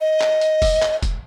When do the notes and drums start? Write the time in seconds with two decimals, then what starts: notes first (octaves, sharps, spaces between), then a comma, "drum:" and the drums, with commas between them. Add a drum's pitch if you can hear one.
0.01 D#5
0.21 drum: clap
0.41 drum: hi-hat
0.62 drum: kick, open hi-hat
0.82 drum: clap
1.03 drum: kick, hi-hat